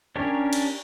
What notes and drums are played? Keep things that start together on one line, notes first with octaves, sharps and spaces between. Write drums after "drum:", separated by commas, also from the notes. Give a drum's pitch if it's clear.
C#4 D4 G4 A#4 C#5
drum: cymbal